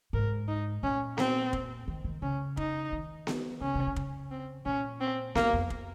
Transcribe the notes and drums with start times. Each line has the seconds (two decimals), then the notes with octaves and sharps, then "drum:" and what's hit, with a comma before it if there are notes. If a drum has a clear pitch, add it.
0.13 G#2 A#4
0.48 D#4
0.83 A#2 C#4
1.18 C4, drum: snare B3
1.53 drum: kick
1.88 D#3
2.04 D#3
2.22 C#3 C#4
2.57 D#4, drum: kick
2.92 D#3
3.27 drum: snare B3
3.61 C#3 C#4
3.75 C3
3.87 C#3
3.96 drum: kick
4.31 C4
4.66 A#2 C#4
5.00 C4
5.35 F#2 A#3, drum: snare B3
5.53 F2
5.70 drum: kick